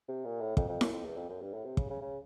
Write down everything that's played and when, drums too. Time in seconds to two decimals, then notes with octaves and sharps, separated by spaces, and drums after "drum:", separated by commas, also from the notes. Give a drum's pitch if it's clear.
0.08 C3
0.24 A#2
0.41 A2
0.57 F2, drum: kick
0.69 F2
0.81 F#2, drum: snare E4
0.93 F2
1.05 E2
1.17 F2
1.30 F#2
1.42 G2
1.54 A2
1.65 C3
1.77 C#3, drum: kick
1.90 C#3
2.02 C#3